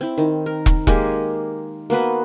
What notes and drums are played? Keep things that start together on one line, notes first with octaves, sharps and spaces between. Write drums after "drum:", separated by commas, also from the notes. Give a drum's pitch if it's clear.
C4 E4
D#3
A#4
drum: kick
G#3 A#3 G4 G#5, drum: kick
A#3 B3 F#4 B4